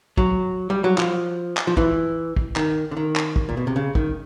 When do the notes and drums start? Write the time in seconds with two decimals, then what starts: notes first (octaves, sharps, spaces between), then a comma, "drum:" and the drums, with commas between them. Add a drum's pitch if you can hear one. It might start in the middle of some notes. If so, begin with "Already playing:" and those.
0.17 F#3, drum: kick A#1
0.70 G3
0.84 F#3
0.98 F3, drum: clap
1.57 drum: clap
1.67 F3
1.77 E3, drum: kick A#1
2.36 drum: kick A#1
2.56 D#3, drum: clap
2.91 D3
2.97 D#3
3.16 drum: clap
3.36 drum: kick A#1
3.49 A#2
3.57 B2
3.67 C3
3.76 C#3
3.95 D#3, drum: kick A#1